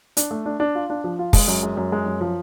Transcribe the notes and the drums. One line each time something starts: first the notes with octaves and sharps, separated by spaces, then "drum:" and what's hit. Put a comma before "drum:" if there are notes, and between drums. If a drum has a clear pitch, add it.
D4, drum: hi-hat
A3
D4
D4
F4
D4
F3
F4
G#3, drum: kick, open hi-hat
F#2
G#3
F#2
G#3
F#2
F3